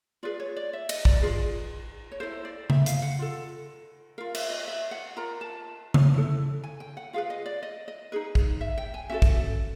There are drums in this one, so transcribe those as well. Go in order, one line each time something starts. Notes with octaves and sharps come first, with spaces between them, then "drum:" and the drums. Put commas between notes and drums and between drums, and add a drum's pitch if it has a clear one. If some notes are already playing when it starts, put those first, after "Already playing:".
F4 G#4 B4 D5
C#5
D5
E5
D#5, drum: cymbal
D5, drum: kick
F4 G#4 B4
C#5
E4 A4 C5
D5
E5, drum: tom C#3
F5, drum: hi-hat
F#5
F4 A4
F4 A#4 F5
E5, drum: cymbal
D#5
E5
F#5
F4 A#4 A#5
A5
drum: tom C#3
E4 A4
G#5
G5
F#5
F4 G#4 B4 F5
D#5
D5
D#5
D#5
D#4 G#4 B4
drum: kick
E5
G5
G#5
C#4 F#4 A4 E5
drum: kick